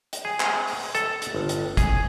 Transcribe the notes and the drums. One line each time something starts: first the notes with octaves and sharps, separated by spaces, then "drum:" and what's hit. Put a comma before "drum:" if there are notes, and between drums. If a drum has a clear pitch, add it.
drum: hi-hat
G#4
drum: clap
drum: open hi-hat
A4, drum: hi-hat
drum: hi-hat
G1
drum: hi-hat
G#4, drum: kick, hi-hat